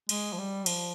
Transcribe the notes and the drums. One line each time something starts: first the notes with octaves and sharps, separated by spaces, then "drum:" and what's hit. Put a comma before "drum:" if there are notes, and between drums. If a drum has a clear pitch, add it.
G#3, drum: cymbal
F3
G3
F3, drum: cymbal